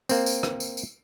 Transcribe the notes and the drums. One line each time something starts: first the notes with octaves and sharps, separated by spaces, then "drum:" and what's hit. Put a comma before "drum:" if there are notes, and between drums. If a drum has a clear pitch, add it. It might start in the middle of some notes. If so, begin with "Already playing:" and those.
A#3 C4, drum: tambourine
drum: tambourine
drum: rim click
drum: tambourine
drum: tambourine